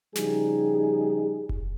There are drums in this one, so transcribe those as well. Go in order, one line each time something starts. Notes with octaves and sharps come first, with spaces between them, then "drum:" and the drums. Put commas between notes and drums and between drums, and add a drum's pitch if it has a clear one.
C#3 F3 G3 D#4 G4 G#4, drum: snare
drum: kick F1